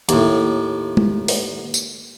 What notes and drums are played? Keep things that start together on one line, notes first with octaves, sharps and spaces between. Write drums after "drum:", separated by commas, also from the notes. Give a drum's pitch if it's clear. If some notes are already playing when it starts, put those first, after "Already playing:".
D#2 A2, drum: hi-hat
drum: tom G#3
drum: open hi-hat
drum: tambourine